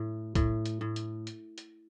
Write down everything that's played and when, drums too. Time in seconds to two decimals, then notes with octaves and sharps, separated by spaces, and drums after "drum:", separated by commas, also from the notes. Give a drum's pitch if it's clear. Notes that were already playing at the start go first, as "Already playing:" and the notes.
Already playing: A2
0.35 A2, drum: kick, hi-hat
0.66 drum: hi-hat
0.81 A2
0.96 drum: hi-hat
1.27 drum: hi-hat
1.58 drum: hi-hat